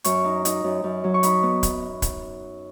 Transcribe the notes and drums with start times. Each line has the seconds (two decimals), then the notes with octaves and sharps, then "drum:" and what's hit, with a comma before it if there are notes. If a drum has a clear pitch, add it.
0.04 F#2 C#6, drum: hi-hat
0.25 D#4
0.45 D#4, drum: hi-hat
0.64 F#2
0.84 F#2
1.04 F#3
1.14 C#6
1.23 D#4 B5, drum: hi-hat
1.43 B3
1.63 drum: kick, hi-hat
2.02 drum: kick, hi-hat